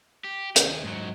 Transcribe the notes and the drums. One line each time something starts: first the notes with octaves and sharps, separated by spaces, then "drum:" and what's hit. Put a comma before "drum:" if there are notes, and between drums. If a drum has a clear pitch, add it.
G4
D#2 G#4, drum: hi-hat
G#2 F#3